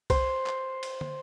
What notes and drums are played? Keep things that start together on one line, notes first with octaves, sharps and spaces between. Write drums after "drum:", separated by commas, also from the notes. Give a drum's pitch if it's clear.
C5, drum: kick C2, cymbal
drum: clap
drum: cymbal
drum: tom